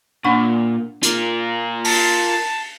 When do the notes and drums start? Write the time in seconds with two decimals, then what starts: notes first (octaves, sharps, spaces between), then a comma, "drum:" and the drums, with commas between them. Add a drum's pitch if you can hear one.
0.24 A#2 D4 F#5 C#6
1.03 F4 A#4, drum: hi-hat
1.84 A5, drum: open hi-hat